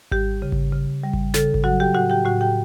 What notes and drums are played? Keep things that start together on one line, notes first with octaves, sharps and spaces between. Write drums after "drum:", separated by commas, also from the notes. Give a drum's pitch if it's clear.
G3 G4, drum: kick G#1
C#3
drum: kick G#1
C#3
G3
drum: kick G#1
C#3 A4, drum: snare
drum: kick G#1
F#3 F#4 F#5
G4 G5
A2 F#4 F#5
G4 G5
A2 F#4 F#5
G4 G5